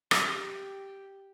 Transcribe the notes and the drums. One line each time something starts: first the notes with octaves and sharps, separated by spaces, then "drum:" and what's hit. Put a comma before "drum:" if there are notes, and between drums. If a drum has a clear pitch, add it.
G4, drum: rim click